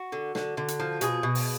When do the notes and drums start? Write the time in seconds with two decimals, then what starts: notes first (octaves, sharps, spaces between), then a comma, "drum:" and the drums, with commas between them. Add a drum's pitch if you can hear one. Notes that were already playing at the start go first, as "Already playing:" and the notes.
Already playing: F#4
0.12 D3
0.35 D3, drum: snare
0.57 D3
0.68 drum: hi-hat
0.80 F3
1.01 B2 G#4, drum: hi-hat
1.23 B2
1.35 drum: open hi-hat